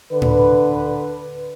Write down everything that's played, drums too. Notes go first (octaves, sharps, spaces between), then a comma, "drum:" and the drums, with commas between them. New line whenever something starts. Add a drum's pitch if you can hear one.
D3 B4
drum: tom A2